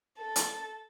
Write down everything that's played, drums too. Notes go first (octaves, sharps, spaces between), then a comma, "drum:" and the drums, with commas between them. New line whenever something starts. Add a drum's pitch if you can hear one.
A4
drum: hi-hat